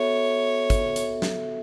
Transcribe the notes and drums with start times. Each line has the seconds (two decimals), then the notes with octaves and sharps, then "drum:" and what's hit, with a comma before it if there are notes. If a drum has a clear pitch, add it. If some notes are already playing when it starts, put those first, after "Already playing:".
Already playing: B3 F#4 A4 C#5 E5
0.70 drum: kick, hi-hat
0.96 drum: hi-hat
1.22 drum: snare